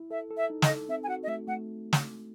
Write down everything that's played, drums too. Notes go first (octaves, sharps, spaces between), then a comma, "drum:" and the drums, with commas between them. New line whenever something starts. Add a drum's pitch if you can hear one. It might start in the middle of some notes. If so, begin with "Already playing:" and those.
Already playing: E4
A4 E5
A4
E5
D#4
D#5, drum: snare
A4
C4 E5
G#5
F#4 F#5
D#5
A3 E5
A3 F#5
drum: snare